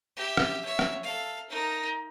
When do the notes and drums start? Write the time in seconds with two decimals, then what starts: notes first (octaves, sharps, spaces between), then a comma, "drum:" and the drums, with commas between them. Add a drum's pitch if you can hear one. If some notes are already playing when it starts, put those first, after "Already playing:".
0.17 G4 E5
0.37 drum: rim click
0.65 C#5 E5
0.79 drum: rim click
1.04 A4 F5
1.50 D#4 A#4